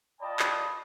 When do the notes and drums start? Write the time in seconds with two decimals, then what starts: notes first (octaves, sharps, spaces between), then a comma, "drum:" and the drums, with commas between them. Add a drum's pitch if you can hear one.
0.21 F4 D5 D#5 G5 A5 B5
0.39 drum: clap